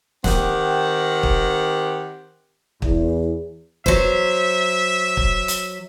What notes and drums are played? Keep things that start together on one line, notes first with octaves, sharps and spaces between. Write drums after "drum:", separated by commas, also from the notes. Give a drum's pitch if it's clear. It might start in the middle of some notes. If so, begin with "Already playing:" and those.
D#3 C4 G4 F#5, drum: snare
drum: kick
E2, drum: kick
F#3 C5 E5, drum: kick
drum: kick
drum: hi-hat